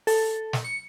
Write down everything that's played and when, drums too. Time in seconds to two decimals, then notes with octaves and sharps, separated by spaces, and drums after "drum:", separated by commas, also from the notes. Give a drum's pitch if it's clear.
0.07 A4, drum: open hi-hat
0.53 drum: snare
0.64 C#7